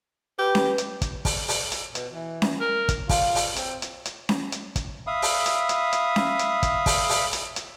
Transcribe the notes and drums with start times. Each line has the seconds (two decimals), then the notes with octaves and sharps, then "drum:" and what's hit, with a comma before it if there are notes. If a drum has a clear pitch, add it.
0.39 G4 B4
0.55 drum: snare C#4
0.78 drum: hi-hat
1.02 drum: kick, hi-hat
1.25 drum: kick, open hi-hat
1.48 drum: open hi-hat
1.72 drum: hi-hat
1.95 B2, drum: hi-hat
2.13 E3
2.42 drum: snare C#4
2.60 A#4
2.89 drum: kick, hi-hat
3.09 F4, drum: kick, open hi-hat
3.35 drum: open hi-hat
3.56 C4, drum: hi-hat
3.82 drum: hi-hat
4.05 drum: hi-hat
4.29 drum: snare C#4
4.52 drum: hi-hat
4.76 drum: kick, hi-hat
5.07 E5 F5 B5 D#6
5.22 drum: open hi-hat
5.46 drum: hi-hat
5.69 drum: hi-hat
5.92 drum: hi-hat
6.16 drum: snare C#4
6.39 drum: hi-hat
6.63 drum: kick, hi-hat
6.86 drum: kick, open hi-hat
7.09 drum: open hi-hat
7.33 drum: hi-hat
7.56 drum: hi-hat